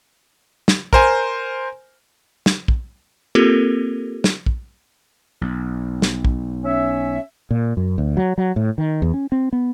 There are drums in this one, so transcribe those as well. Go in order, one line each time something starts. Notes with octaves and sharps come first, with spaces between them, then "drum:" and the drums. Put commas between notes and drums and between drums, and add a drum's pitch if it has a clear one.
drum: snare
A#4 C5 G#5, drum: kick
drum: snare
drum: kick
A#3 C4 F4 G4 A4 A#4
drum: snare
drum: kick
B1
drum: snare
drum: kick
C#4 E5
A#2
F#2
D2
F#3
F#3
A2
D#3
E2
C#4
C4
B3